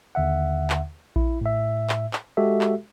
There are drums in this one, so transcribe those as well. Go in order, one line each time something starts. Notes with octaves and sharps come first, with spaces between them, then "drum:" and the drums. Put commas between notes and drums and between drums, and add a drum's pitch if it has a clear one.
D#2 D3 E5 F#5
drum: clap
E4, drum: kick A#1
A2 E5
drum: clap
drum: clap
G#3 F#4 G4 A4 E5
drum: clap